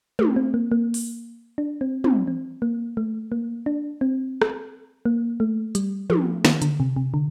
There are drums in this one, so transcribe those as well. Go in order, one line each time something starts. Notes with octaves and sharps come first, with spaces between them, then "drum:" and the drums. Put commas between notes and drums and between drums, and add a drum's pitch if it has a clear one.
A3, drum: tom
C4
A#3
A#3
drum: open hi-hat
D4
C4
C4, drum: tom
C4
A#3
A3
A#3
D4
C4
drum: rim click
A#3
A3
G3, drum: hi-hat
F3, drum: tom
D#3, drum: snare
D3, drum: hi-hat
C3
C3
D3